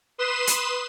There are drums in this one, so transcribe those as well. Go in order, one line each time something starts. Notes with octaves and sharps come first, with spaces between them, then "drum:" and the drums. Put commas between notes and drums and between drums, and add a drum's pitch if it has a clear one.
B4 C6 D#6 E7
drum: hi-hat